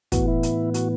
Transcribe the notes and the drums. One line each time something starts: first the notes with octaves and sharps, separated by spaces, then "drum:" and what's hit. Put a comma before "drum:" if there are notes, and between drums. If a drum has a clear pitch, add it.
A2 E3 B3 F#4, drum: kick, hi-hat
E4
drum: hi-hat
F#4, drum: hi-hat